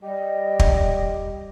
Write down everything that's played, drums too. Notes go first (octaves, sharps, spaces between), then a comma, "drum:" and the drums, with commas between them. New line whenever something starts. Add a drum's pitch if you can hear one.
G3 G4 D#5
drum: kick